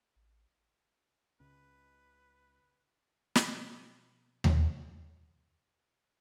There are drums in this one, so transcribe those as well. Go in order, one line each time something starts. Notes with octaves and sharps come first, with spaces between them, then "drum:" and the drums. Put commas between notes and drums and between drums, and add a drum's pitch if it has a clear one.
A1
C#2 C#3 C#4 B4
B2 F3 C4, drum: snare
drum: tom D#2